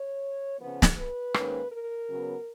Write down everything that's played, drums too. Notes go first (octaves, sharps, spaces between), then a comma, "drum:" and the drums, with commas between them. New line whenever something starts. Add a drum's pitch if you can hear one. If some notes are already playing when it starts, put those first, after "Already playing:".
Already playing: C#5
C#3 F3 B3
drum: snare
B4
G#2 D#3 A#3 C#4, drum: rim click
A#4
C#3 F#3 B3